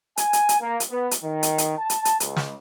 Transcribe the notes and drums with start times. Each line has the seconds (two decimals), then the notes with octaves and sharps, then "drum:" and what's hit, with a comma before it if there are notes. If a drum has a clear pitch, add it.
0.17 G#5, drum: hi-hat
0.33 drum: hi-hat
0.49 drum: hi-hat
0.60 A#3
0.80 drum: hi-hat
0.90 B3
1.11 drum: hi-hat
1.23 D#3
1.43 drum: hi-hat
1.58 drum: hi-hat
1.78 A5
1.90 drum: hi-hat
2.05 drum: hi-hat
2.20 C#2, drum: hi-hat
2.37 drum: snare